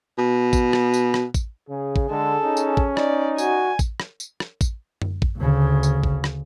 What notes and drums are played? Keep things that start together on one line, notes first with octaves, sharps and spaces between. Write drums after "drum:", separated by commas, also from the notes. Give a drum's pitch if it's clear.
B2
drum: kick A1, tambourine
drum: rim click
drum: tambourine
drum: rim click
drum: kick A1, tambourine
C#3 G#4
drum: kick A1
D3 G#3 A4
C#4 D#4
drum: tambourine
drum: kick A1
D#4 D5, drum: rim click
F#4 G#5, drum: tambourine
drum: kick A1, tambourine
drum: rim click
drum: tambourine
drum: rim click
drum: kick A1, tambourine
drum: tom F#2
drum: kick A1
D2 C#3
drum: tambourine
drum: kick A1
drum: rim click